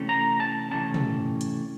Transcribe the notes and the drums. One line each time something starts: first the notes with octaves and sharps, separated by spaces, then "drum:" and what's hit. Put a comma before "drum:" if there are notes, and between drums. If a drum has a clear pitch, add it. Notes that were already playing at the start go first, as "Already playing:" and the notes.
Already playing: C3 E3 A3 C#4
A#5
A5
C3 E3 A3 C#4 A5
drum: tom
drum: hi-hat